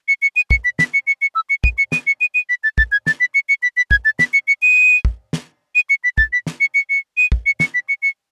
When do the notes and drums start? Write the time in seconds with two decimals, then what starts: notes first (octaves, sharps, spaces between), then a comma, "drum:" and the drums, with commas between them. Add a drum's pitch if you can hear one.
0.08 C#7
0.22 C#7
0.36 D#7
0.51 C#7, drum: kick
0.64 B6
0.79 B6, drum: snare
0.94 C#7
1.07 C#7
1.22 C#7
1.35 E6
1.50 C#7
1.64 D#7, drum: kick
1.78 C#7
1.92 D#7, drum: snare
2.07 C#7
2.21 D#7
2.34 D#7
2.49 B6
2.64 A6
2.78 A6, drum: kick
2.92 G#6
3.07 A6, drum: snare
3.20 B6
3.34 C#7
3.49 C#7
3.63 B6
3.77 B6
3.91 G#6, drum: kick
4.05 A6
4.19 B6, drum: snare
4.33 C#7
4.48 C#7
4.62 D#7
5.05 drum: kick
5.33 drum: snare
5.75 D#7
5.90 C#7
6.04 B6
6.18 A6, drum: kick
6.33 B6
6.47 drum: snare
6.60 C#7
6.74 C#7
6.90 C#7
7.17 D#7
7.32 drum: kick
7.46 C#7
7.60 C#7, drum: snare
7.74 B6
7.89 C#7
8.02 C#7